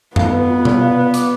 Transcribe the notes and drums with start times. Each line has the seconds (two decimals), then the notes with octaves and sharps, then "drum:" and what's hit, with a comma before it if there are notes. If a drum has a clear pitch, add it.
0.16 B3 F5, drum: tom F#2
0.32 B4
0.49 F4
0.65 D5, drum: tom B2
0.81 F5
0.97 B4
1.14 D6, drum: hi-hat